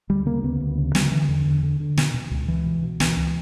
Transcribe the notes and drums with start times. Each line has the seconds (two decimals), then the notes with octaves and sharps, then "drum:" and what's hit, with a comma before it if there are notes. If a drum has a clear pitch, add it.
0.09 D2 G3
0.26 C#3 A#3
0.43 D2 B3
0.60 D2
0.78 C#3
0.95 D3 G3, drum: snare
1.06 F#3
1.12 D3 E3
1.29 E2 D3
1.46 E2
1.63 D3
1.80 D3
1.97 B2, drum: snare
2.14 B2
2.31 C#2
2.48 C#2 E3
2.66 B2
2.83 B2
3.00 C#2 E3, drum: snare
3.17 C#2